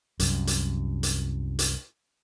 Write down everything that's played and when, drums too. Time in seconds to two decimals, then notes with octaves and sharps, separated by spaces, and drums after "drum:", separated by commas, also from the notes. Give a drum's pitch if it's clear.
0.20 C2 F#2, drum: hi-hat
0.47 drum: hi-hat
1.03 drum: hi-hat
1.59 drum: hi-hat